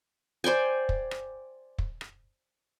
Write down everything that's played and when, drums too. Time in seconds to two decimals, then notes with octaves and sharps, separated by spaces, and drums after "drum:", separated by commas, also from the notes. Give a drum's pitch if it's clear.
0.44 C5 D5 G5 G#5
0.89 drum: kick
1.11 drum: rim click
1.78 drum: kick
2.01 drum: rim click